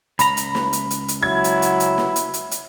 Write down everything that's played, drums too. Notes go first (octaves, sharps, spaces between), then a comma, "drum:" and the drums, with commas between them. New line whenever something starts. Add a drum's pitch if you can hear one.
C#2 A#5 B5, drum: hi-hat
drum: hi-hat
drum: snare
drum: hi-hat
drum: hi-hat
drum: hi-hat
F#3 E4 G#6
drum: hi-hat
drum: hi-hat
drum: hi-hat
drum: snare
drum: hi-hat
drum: hi-hat
drum: hi-hat